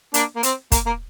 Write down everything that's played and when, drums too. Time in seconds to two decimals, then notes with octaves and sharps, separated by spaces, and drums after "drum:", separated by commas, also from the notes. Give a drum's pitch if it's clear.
0.14 A#3 D4, drum: hi-hat
0.36 A#3
0.43 C4, drum: hi-hat
0.72 A#3, drum: kick, hi-hat
0.86 A#3